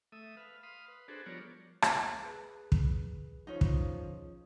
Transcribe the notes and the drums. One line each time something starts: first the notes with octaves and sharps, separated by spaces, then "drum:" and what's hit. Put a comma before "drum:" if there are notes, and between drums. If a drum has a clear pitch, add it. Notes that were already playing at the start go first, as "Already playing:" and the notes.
A3 E5 D#6
B4 F5
F5 B5 C6 D#6
B4
D4 F#4 G#4 A4 B4 C5
F3 G3 B3 A#4 C#5 D5
drum: rim click
G#4 B4
drum: kick
F3 C#4 D#4
drum: kick